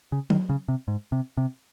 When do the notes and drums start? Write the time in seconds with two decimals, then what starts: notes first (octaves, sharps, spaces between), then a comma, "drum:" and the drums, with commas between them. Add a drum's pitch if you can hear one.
0.12 C#3
0.30 D#3, drum: tom F#3
0.49 C#3
0.68 C3
0.88 G#2
1.12 C3
1.37 C3